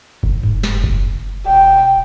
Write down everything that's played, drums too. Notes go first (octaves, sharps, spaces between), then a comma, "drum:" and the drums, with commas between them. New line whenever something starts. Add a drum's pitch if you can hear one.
F1, drum: kick F#1
drum: tom G2
drum: snare
drum: kick F#1
E1 G5